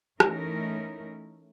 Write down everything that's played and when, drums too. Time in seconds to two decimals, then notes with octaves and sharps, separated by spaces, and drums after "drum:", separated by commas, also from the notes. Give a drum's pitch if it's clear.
0.20 E3 A3 C#4 D#4 E4 A#4, drum: rim click